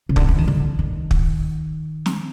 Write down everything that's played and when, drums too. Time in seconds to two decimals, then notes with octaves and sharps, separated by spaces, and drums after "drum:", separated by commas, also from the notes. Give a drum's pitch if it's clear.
0.09 C#3
0.16 D3, drum: kick
0.29 E3
0.38 D#3
0.48 D3
0.79 D#3
1.11 drum: kick
2.06 drum: snare